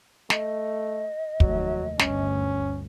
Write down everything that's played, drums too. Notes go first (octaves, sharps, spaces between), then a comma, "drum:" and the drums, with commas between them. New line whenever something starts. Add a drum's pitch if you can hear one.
A3 D#5, drum: snare
F1 D#2 F#3 A3, drum: kick
G1 D2 C#4, drum: snare